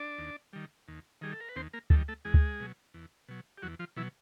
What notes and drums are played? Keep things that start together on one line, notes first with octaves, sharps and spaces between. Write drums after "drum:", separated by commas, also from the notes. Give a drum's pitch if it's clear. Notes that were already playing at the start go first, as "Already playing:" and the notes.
Already playing: D4 D5
D#2
D#3 G3
D#2
D#3 G3 G#4
A4
A#4
B4
D#2 C4 C5
A#3 A#4
D#3 G3 A3 A4, drum: kick
A3 A4
E2 G#3 G#4
drum: kick
B2 F#3
E2
B2 F#3
G4
E2 F#3 F#4
F3 F4
B2 E3 F#3 E4